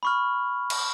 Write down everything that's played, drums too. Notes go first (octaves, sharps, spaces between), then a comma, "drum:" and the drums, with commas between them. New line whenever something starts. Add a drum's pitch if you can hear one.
B5 C#6 F6
drum: cymbal